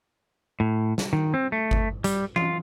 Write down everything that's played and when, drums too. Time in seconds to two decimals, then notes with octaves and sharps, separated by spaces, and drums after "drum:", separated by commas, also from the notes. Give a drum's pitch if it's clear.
0.60 A2
0.98 drum: snare
1.13 D#3
1.34 C4
1.52 A3
1.71 drum: kick G1
2.04 G3, drum: hi-hat
2.36 F4, drum: tom E3